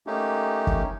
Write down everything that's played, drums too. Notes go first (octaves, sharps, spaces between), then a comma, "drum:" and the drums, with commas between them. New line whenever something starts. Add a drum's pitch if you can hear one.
A3 A#3 C#4 D#4 G4
drum: kick